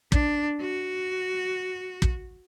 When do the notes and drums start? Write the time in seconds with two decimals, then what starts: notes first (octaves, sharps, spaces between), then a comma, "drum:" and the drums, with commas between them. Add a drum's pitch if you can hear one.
0.12 D4, drum: kick
0.61 F#4
2.02 drum: kick